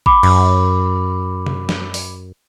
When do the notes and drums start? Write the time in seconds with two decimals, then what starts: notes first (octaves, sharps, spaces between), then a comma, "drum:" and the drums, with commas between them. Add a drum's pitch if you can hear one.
0.06 B5 D6, drum: kick G#1
0.23 F#2, drum: cymbal
1.46 drum: tom C3
1.69 drum: snare
1.94 drum: open hi-hat